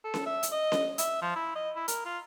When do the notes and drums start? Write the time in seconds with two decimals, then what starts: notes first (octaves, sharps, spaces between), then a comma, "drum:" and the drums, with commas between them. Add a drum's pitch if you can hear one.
0.04 A4
0.14 drum: snare C#4
0.26 E5
0.43 drum: hi-hat
0.52 D#5
0.72 drum: snare C#4
0.98 E5, drum: hi-hat
1.22 F3
1.36 E4
1.56 D#5
1.76 E4
1.88 A#4, drum: hi-hat
2.05 F4